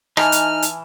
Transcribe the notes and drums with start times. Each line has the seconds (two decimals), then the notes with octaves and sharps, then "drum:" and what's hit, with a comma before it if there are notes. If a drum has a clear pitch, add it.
0.17 E3 D#4 G#5 A5 F6, drum: rim click
0.32 drum: hi-hat
0.62 drum: hi-hat